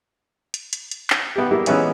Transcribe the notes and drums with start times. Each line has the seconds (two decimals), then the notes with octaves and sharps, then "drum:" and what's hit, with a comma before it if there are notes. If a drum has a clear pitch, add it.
0.54 drum: hi-hat
0.73 drum: hi-hat
0.91 drum: hi-hat
1.10 drum: clap
1.36 B3 G4
1.51 G3 A#3 E4
1.66 E3 G#3 B3 C#4 D#4, drum: hi-hat